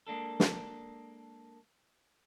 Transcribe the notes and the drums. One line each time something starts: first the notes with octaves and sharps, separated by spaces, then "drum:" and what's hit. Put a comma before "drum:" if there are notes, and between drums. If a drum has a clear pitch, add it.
G#3 A#3 D4 A4
drum: snare